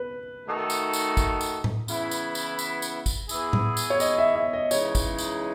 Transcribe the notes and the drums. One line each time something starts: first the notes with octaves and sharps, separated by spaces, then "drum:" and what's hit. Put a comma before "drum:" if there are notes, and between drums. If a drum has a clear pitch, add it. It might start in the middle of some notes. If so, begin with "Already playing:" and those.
Already playing: B4
D#3 A3 D#4 F#4 A4
drum: tambourine
drum: tambourine
drum: kick, tambourine
drum: tambourine
drum: tom A2
C#3 E3 B3 E4, drum: tambourine
drum: tambourine
drum: tambourine
drum: tambourine
drum: tambourine
drum: kick, tambourine
E3 B3 E4 G#4, drum: tambourine
drum: tom A2
drum: tambourine
C#5
D#5, drum: tambourine
E5
E5
D#5
C#3 E3 G#3 D#4 C#5, drum: tambourine
drum: kick, tambourine
drum: tambourine